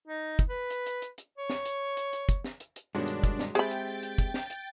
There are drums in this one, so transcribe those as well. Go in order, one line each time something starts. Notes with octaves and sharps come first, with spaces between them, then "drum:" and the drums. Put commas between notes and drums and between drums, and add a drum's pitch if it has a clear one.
D#4
drum: kick, hi-hat
B4
drum: hi-hat
drum: hi-hat
drum: hi-hat
drum: hi-hat
C#5
drum: snare
drum: hi-hat
drum: hi-hat
drum: hi-hat
drum: kick, hi-hat
drum: snare
drum: hi-hat
drum: hi-hat
G2 B2 D#3 G#3 D4 F#4 C#5
drum: hi-hat
drum: kick, hi-hat
drum: snare
G#3 C4 G4 G#4 E5 G5 B5 A6, drum: hi-hat
drum: hi-hat
drum: hi-hat
drum: kick, hi-hat
drum: snare
drum: hi-hat